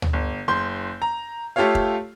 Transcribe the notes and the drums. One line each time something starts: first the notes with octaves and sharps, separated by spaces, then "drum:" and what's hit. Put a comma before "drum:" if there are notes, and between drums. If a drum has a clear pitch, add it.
drum: tom
G1
F#1 C6 G6
A#5
A3 F4 G4 A4 C#5 F5
drum: kick